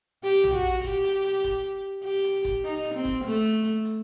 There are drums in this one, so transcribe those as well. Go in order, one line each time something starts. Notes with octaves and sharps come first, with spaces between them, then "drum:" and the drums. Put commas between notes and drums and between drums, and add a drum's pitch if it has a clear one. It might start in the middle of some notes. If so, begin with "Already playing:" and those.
G4, drum: hi-hat
drum: tom A#1
F#4
drum: hi-hat
G4, drum: kick F#1, hi-hat
drum: hi-hat
drum: hi-hat
drum: kick F#1, hi-hat
G4
drum: hi-hat
drum: kick F#1, hi-hat
D#4, drum: hi-hat
drum: hi-hat
C4
drum: kick F#1, hi-hat
A3
drum: hi-hat
drum: hi-hat